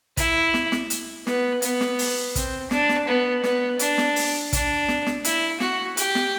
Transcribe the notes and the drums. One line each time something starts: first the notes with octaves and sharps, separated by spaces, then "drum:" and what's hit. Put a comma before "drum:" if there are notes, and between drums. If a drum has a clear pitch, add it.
E4, drum: kick, hi-hat
drum: snare
drum: snare
drum: hi-hat
B3, drum: snare
B3, drum: hi-hat
drum: snare
drum: open hi-hat
C4, drum: kick, hi-hat
D4, drum: snare
drum: snare
B3
B3, drum: snare
D4, drum: hi-hat
drum: snare
drum: open hi-hat
D4, drum: kick, hi-hat
drum: snare
drum: snare
E4, drum: hi-hat
F#4, drum: snare
G4, drum: hi-hat
drum: snare